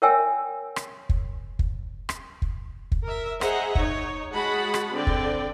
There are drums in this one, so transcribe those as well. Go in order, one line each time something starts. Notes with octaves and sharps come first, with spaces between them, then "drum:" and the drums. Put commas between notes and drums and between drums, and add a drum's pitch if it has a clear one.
A#4 C#5 E5 G5 G#5 E6
drum: rim click
drum: kick
drum: kick
drum: rim click
drum: kick
drum: kick
A#4 E5
G#4 C5 D#5 E5 F#5 A#5, drum: rim click
D#4 C#5, drum: kick
G#3 F#4 G#4 F#5 A5 B5
drum: rim click
D3 C4 D5 G5
drum: kick